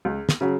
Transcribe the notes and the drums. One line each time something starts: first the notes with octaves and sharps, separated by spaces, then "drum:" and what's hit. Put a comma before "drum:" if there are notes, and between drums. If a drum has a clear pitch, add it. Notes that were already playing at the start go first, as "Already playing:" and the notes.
C#2
drum: snare
C#3 F#3